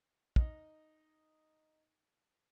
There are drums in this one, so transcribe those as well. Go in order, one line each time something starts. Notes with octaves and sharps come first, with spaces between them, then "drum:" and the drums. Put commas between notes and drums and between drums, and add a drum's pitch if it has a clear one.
D#4 D#5, drum: kick